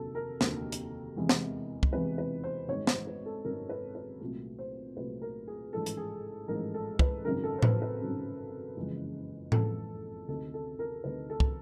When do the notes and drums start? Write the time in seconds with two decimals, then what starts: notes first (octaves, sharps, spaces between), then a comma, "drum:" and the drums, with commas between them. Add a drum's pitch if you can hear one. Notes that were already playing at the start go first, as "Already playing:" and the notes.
Already playing: F1 D#2 D3 F#3 A#3 A4
0.15 A#4
0.41 F1 D#2 D3 F#3 A#3, drum: snare
0.72 drum: hi-hat
1.16 E2 C3 E3 G#3
1.29 drum: snare
1.83 drum: kick
1.92 E2 C3 E3 G#3 B4
2.18 B4
2.44 C5
2.68 G#1 F#2 D#3 G#3 C#5
2.87 C5, drum: snare
3.07 B4
3.26 A4
3.45 G#1 F#2 D#3 G#3 A#4
3.69 B4
3.95 B4
4.20 C2 A#2 F#3 A3
4.59 C5
4.96 C2 A#2 F#3 A3 B4
5.22 A#4
5.48 G#4
5.72 A1 G#2 F3 A4
5.86 drum: hi-hat
5.97 G#4
6.48 A1 G#2 F3 A#4
6.74 A4
6.99 B4, drum: kick
7.24 G#1 F#2 C#3 A#4
7.43 A4
7.58 C5
7.63 B4, drum: tom A2
7.82 B4
8.00 G#1 F#2 C#3
8.76 F#1 F2 C#3 E3 G#3
9.52 F#1 F2 C#3 E3 G#3 A4, drum: tom A2
10.28 D2 C3 D#3 A4
10.54 A4
10.79 A#4
11.04 D2 C3 D#3 B4
11.30 A4
11.40 drum: kick